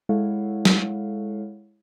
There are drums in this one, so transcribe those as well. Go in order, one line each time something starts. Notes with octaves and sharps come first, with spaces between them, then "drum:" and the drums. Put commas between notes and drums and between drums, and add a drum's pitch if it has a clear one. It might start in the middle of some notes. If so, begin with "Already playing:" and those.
G#3 E4 A4 C#5 F5 F#5
drum: snare